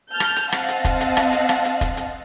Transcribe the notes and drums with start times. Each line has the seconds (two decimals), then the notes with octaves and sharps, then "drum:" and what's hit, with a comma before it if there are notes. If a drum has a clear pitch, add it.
0.11 A5 F6 G6
0.20 drum: rim click
0.36 drum: hi-hat
0.52 C4 D#5 F5 F#5 A5, drum: rim click
0.68 drum: hi-hat
0.85 drum: kick, hi-hat
1.01 drum: hi-hat
1.17 drum: rim click
1.33 drum: hi-hat
1.49 drum: rim click
1.65 drum: hi-hat
1.81 drum: kick, hi-hat
1.97 drum: hi-hat